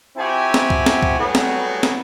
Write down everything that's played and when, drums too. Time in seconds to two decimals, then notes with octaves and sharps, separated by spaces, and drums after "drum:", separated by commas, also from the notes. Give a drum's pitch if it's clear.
0.17 F3 C4 E4 F#4 G4 G#5
0.54 drum: snare
0.70 drum: kick
0.86 drum: snare
1.03 drum: kick
1.19 A2 F#3 G3 B3 F#4 G#4
1.35 drum: snare
1.83 drum: snare